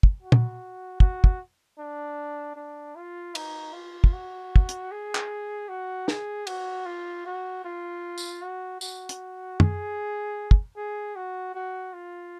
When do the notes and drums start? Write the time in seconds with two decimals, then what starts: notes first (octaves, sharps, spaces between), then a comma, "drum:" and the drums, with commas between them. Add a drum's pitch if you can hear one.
0.03 drum: kick
0.22 F#4
0.32 drum: tom
1.00 F#4, drum: kick
1.24 drum: kick
1.78 D4
2.56 D4
2.96 F4
3.35 D#4, drum: cymbal
3.73 F4
4.04 drum: kick
4.13 F#4
4.56 drum: kick
4.69 drum: hi-hat
4.91 G#4
5.15 drum: clap
5.69 F#4
6.08 G#4, drum: snare
6.47 F#4, drum: cymbal
6.86 F4
7.26 F#4
7.64 F4
8.18 drum: tambourine
8.42 F#4
8.81 F#4, drum: tambourine
9.09 drum: hi-hat
9.60 G#4, drum: tom
10.51 drum: kick
10.77 G#4
11.16 F#4
11.55 F#4
11.93 F4